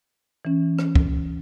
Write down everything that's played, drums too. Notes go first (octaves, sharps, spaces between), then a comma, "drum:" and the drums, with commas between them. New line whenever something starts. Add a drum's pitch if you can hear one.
E3 C#4
drum: rim click
drum: kick